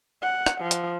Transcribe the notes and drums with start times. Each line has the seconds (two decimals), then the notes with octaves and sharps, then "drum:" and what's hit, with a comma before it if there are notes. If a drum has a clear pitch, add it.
0.22 F#5
0.46 drum: rim click
0.61 F3
0.71 drum: hi-hat